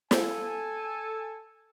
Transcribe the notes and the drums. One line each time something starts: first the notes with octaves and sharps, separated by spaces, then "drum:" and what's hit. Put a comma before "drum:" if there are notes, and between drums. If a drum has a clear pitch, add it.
A4 G#5, drum: snare